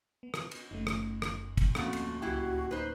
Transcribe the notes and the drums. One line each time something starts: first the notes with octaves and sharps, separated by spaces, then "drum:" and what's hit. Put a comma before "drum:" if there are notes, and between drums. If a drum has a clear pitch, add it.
B3
drum: rim click
drum: cymbal
F#1 A3 C#4 D#4
drum: rim click
drum: rim click
drum: kick, cymbal
D1 F2 A3 A#3 C4 C#4 F#4, drum: rim click
drum: cymbal
C#2 F#3 E4 F#4 G4 G#5 C7
D#4 B4 C5